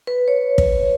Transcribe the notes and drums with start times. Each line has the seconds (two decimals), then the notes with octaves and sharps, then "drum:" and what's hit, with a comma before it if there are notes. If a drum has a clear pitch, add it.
0.07 B4
0.28 C#5
0.58 drum: kick